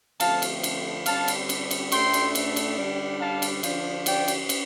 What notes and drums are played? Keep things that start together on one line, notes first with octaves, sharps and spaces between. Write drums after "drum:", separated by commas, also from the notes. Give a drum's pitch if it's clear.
D3 F3 A3 C4 F5 A5, drum: cymbal
drum: cymbal
drum: cymbal
D3 G3 C4 F5 A5, drum: cymbal
drum: cymbal
drum: cymbal
drum: cymbal
A2 A3 D4 G5 C6, drum: cymbal
drum: cymbal
drum: cymbal
drum: cymbal
D3 G3 D4
F5 A5
drum: cymbal
D3 F3 D4, drum: cymbal
D5 G5, drum: cymbal
drum: cymbal
drum: cymbal